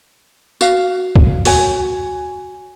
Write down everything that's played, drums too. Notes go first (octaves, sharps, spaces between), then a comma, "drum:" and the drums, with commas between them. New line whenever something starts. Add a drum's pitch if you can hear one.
F#4 F5, drum: tambourine
drum: kick
F#4 C#5 G#5, drum: open hi-hat